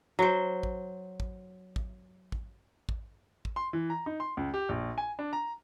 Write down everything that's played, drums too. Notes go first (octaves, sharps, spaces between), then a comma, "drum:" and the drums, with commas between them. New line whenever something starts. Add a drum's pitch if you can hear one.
F#3 C5
drum: kick
drum: kick
drum: kick
drum: kick
drum: kick
drum: kick
C6
E3
A#5
D#4
C6
C#2
G4
A#1
G#5
D4
A#5